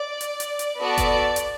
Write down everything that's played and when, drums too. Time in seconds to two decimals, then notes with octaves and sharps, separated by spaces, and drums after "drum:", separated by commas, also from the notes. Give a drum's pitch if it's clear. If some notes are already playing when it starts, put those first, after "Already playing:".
Already playing: D5
0.21 drum: hi-hat
0.40 drum: hi-hat
0.59 drum: hi-hat
0.78 B3 F#4 A4 D5
0.98 drum: kick F#1, hi-hat
1.36 drum: hi-hat